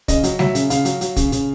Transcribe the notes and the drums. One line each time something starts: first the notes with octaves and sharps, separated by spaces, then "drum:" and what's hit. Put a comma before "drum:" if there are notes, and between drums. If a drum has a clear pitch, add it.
C#3 D#5, drum: kick, hi-hat
F#3, drum: hi-hat
F#3 E5, drum: snare G3
C#3, drum: hi-hat
C#3 F5, drum: hi-hat
F#3, drum: hi-hat
F#3, drum: hi-hat
C#3, drum: kick, hi-hat
C#3, drum: hi-hat